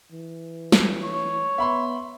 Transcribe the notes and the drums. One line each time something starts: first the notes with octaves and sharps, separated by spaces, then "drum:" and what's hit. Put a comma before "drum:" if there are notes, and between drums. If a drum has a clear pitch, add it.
E3
drum: snare
C#5
B3 E5 B5 C6